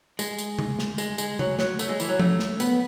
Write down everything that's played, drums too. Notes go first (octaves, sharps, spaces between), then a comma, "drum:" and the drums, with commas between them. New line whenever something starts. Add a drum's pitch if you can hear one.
G#3, drum: tambourine
drum: tambourine
drum: tom C#3
drum: snare
G#3, drum: tambourine
G#3, drum: tambourine
F#3, drum: tom C#3
F#3, drum: snare
A3, drum: tambourine
G#3
E3, drum: tambourine
F#3
A3, drum: tom F3
drum: snare
B3, drum: tambourine